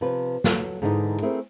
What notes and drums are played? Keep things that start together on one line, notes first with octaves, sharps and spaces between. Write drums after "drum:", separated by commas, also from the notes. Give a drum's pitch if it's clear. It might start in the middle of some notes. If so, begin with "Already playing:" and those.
C3 F3 B4
F#3 A4, drum: snare
G#2 D3 E3 G#3 C#4 D#4
A3 C4 E4 G#4 A#4